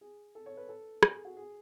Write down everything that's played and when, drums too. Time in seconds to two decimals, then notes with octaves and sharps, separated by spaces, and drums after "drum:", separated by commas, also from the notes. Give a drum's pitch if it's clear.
0.01 G#4
0.35 A4
0.46 C#5
0.57 B4
0.69 A4
1.03 G#4, drum: rim click
1.25 F#4
1.37 G#4